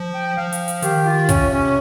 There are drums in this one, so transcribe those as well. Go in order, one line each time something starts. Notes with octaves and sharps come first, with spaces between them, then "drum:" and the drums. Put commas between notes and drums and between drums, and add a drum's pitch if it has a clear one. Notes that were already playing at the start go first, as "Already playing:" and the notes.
Already playing: F3
G5
F3 F5
drum: hi-hat
drum: hi-hat
D#3 G4, drum: hi-hat
F4
C3 C#4, drum: kick, hi-hat
C#4